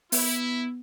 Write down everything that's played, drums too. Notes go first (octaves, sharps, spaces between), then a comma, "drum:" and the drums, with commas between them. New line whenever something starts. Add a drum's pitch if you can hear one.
B3 E4, drum: open hi-hat